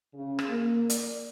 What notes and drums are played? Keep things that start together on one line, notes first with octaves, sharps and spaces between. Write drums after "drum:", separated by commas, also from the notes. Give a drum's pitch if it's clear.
C#3
drum: rim click
A#3
D5, drum: hi-hat